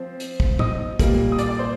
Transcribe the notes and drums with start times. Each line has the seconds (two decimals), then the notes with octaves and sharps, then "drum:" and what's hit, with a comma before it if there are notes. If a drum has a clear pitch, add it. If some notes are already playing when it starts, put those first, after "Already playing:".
Already playing: F3 C4 C5
0.20 drum: hi-hat
0.40 drum: kick
0.59 D#5 D#6, drum: tom A2
0.99 A#2 G3 A#3, drum: kick, hi-hat
1.32 D#6
1.39 D5 D6, drum: hi-hat
1.49 D5 D6
1.59 C5 C6